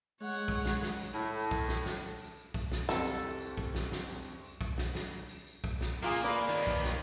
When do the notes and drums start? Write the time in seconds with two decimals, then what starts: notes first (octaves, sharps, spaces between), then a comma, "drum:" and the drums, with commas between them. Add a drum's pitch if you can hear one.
0.21 G#3 C#5 F#5
0.31 drum: tambourine
0.48 drum: kick A#1, tambourine
0.65 drum: snare
0.83 drum: snare
1.00 drum: tambourine
1.13 A2
1.34 drum: tambourine
1.51 drum: kick A#1, tambourine
1.68 drum: snare
1.86 drum: snare
2.20 drum: tambourine
2.37 drum: tambourine
2.54 drum: kick A#1, tambourine
2.72 drum: snare
2.89 C2 F2 A4, drum: snare
3.06 drum: tambourine
3.40 drum: tambourine
3.58 drum: kick A#1, tambourine
3.75 drum: snare
3.92 drum: snare
4.09 drum: tambourine
4.26 drum: tambourine
4.43 drum: tambourine
4.61 drum: kick A#1, tambourine
4.78 drum: snare
4.95 drum: snare
5.12 drum: tambourine
5.29 drum: tambourine
5.47 drum: tambourine
5.64 drum: kick A#1, tambourine
5.81 drum: snare
6.03 A#2 A#3 F4 G#4
6.15 drum: tambourine
6.24 B4 D5
6.49 D#2 D#3, drum: tambourine
6.67 drum: kick A#1, tambourine
6.84 drum: snare